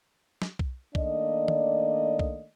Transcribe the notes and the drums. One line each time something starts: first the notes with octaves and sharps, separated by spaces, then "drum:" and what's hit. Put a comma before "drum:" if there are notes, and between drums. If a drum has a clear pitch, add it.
drum: snare
drum: kick B1
D#3 A3 A#3 D4 D5 D#5, drum: kick B1
drum: tom D#3
drum: kick B1